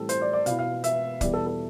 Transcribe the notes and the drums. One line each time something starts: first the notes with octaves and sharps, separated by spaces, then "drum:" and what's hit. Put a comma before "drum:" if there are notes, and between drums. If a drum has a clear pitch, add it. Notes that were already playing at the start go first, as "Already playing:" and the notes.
Already playing: A2 E3 G3 C4 E4 A4
C5, drum: hi-hat
D5
D5
B2 B3 E4 F5, drum: hi-hat
F5
E5, drum: hi-hat
E2 B2 G3 B3 D5, drum: kick, hi-hat
A4
A4